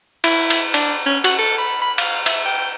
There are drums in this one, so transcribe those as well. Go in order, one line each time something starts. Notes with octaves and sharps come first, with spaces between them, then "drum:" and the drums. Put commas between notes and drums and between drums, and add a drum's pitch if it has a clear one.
E4, drum: cymbal
drum: cymbal
D4, drum: cymbal
C#4
F#4, drum: cymbal
A4
B5
B5
F5, drum: cymbal
E5, drum: cymbal
G5